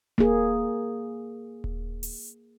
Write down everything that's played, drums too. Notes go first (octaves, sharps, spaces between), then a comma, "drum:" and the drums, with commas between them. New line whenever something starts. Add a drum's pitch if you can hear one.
A#3 G#4, drum: kick D#1
drum: kick D#1
drum: open hi-hat